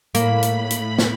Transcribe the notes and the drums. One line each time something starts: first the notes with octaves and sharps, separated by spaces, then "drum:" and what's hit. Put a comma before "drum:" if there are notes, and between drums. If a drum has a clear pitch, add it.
A2 A#3 B5, drum: hi-hat
drum: hi-hat
drum: hi-hat
drum: snare